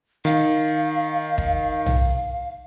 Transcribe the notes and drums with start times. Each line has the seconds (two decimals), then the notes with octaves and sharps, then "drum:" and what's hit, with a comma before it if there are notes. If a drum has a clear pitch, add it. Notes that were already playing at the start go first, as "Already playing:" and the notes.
0.25 D#3 F5
1.38 drum: kick
1.86 drum: tom